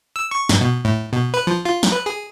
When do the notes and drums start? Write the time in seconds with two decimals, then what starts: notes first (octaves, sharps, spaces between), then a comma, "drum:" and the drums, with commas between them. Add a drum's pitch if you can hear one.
0.16 E6
0.31 C#6
0.49 G2, drum: snare
0.61 B2
0.85 A2
1.13 B2
1.34 B4
1.47 F3
1.65 F4
1.83 drum: snare
1.92 B4
2.06 G#4